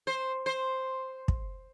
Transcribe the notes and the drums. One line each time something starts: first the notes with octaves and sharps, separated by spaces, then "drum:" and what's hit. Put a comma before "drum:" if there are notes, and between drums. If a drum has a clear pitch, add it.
C5
C5
drum: kick